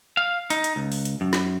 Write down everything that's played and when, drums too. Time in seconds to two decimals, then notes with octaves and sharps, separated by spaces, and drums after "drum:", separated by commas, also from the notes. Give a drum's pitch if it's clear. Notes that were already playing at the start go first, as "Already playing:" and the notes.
0.17 F5
0.50 D#4, drum: hi-hat
0.64 drum: hi-hat
0.76 C#2
0.92 drum: open hi-hat
1.05 drum: hi-hat
1.21 F#2
1.33 drum: snare